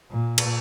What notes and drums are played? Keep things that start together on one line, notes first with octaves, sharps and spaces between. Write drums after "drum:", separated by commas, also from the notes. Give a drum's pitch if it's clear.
A#2
drum: cymbal